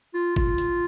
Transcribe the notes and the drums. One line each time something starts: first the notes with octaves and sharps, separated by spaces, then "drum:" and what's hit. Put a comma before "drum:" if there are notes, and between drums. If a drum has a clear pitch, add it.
F4
F4, drum: kick
drum: hi-hat